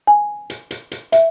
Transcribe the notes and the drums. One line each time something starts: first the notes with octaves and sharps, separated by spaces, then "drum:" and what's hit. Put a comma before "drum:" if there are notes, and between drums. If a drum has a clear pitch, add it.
G#5
drum: hi-hat
drum: hi-hat
drum: hi-hat
E5, drum: hi-hat